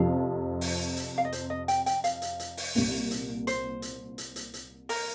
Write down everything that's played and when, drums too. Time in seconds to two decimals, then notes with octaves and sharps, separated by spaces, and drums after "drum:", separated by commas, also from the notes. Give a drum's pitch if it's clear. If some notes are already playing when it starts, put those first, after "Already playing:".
Already playing: F2 C3 F3 C4 F5
0.61 drum: open hi-hat
0.97 drum: hi-hat
1.18 F5
1.25 D#5
1.32 C5, drum: hi-hat
1.50 D#5
1.68 G5, drum: hi-hat
1.86 G5, drum: hi-hat
2.04 F5, drum: hi-hat
2.22 drum: hi-hat
2.40 drum: hi-hat
2.57 drum: open hi-hat
2.75 C2 A#2 A#3, drum: open hi-hat
3.11 drum: hi-hat
3.47 C5, drum: hi-hat
3.82 drum: hi-hat
4.18 drum: hi-hat
4.36 drum: hi-hat
4.54 drum: hi-hat
4.89 A#4, drum: open hi-hat